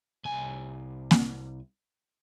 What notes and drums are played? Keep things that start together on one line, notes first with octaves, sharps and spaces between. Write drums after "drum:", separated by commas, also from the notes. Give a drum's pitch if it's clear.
C2 G#5
drum: snare A#3